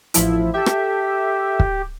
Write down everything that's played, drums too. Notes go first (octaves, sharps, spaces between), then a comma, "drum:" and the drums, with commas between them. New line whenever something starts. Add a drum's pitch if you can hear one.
A1 F3 E4, drum: hi-hat
G4 A4 E5
drum: rim click
drum: kick